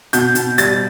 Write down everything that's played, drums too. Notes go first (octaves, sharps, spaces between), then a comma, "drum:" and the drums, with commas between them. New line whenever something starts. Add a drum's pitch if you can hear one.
B2 G6, drum: hi-hat
B2, drum: hi-hat
G3 A6, drum: hi-hat